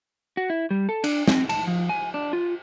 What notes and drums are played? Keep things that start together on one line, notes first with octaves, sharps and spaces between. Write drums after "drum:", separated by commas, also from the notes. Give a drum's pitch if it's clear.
F#4
E4
G3
A4
D4, drum: cymbal
C4, drum: snare
A5, drum: cymbal
F3
G#5
D4
F4